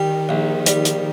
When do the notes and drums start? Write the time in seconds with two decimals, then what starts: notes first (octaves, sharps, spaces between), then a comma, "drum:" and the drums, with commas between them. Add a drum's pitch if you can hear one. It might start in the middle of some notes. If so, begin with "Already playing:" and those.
Already playing: D#3 G3
0.29 A#1
0.66 D#3 G3, drum: hi-hat
0.85 drum: hi-hat